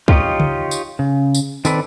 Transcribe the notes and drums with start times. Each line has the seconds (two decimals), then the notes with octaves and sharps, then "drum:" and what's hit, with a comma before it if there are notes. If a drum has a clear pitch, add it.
0.08 D#4 F4 G4 C#5 D#5, drum: kick
0.40 drum: tom C#3
0.71 drum: tambourine
0.99 C#3
1.34 drum: tambourine
1.65 D#3 C4 A4 B4 D5, drum: tambourine